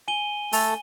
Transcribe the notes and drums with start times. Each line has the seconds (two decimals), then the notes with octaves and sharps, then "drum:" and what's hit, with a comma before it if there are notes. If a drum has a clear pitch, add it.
0.08 G#5 D#7 G7
0.53 A3 A4, drum: open hi-hat